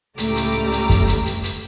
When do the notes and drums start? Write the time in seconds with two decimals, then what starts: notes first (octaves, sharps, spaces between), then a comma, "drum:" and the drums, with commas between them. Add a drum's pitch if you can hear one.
0.18 C#2 A2 G3 A3 A#5 D6, drum: hi-hat
0.36 drum: hi-hat
0.72 drum: hi-hat
0.90 drum: kick F#2, hi-hat
1.08 drum: hi-hat
1.26 drum: hi-hat
1.43 drum: hi-hat